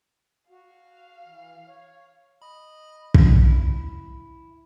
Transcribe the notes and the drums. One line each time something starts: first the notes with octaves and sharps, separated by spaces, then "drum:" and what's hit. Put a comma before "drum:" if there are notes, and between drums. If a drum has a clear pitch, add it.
F#4 F5
E3
C#5
D#5 B5
drum: kick
E4